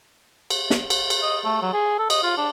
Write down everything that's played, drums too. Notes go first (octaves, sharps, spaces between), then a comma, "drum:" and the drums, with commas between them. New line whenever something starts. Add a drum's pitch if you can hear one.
drum: cymbal
drum: snare
drum: cymbal
drum: cymbal
D#5
A3
F#3
G#4
A4
D#5, drum: cymbal
F4
D4